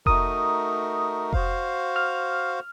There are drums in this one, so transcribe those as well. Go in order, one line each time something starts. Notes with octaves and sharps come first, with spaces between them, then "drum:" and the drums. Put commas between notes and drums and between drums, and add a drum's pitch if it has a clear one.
A3 D#4 F#4 A#4 D#6, drum: kick F1
F#4 C5 F5, drum: kick F1
F6